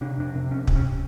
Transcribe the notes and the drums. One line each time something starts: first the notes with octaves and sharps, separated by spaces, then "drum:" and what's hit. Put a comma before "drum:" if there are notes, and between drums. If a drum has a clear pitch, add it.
C3 D4
F2 D4
C3
F2 C#4
C3, drum: kick
C#4